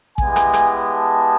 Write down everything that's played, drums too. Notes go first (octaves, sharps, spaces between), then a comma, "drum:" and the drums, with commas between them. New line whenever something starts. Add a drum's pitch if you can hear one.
G#3 B3 E4 G4 G#5, drum: kick A1
drum: rim click
drum: rim click
A5